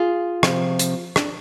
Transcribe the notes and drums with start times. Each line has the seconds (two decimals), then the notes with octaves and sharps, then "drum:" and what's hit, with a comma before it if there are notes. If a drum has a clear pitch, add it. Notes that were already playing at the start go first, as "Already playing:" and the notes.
Already playing: F4 G#4
0.43 C3 F3 C4, drum: rim click
0.79 drum: hi-hat
1.16 D4, drum: rim click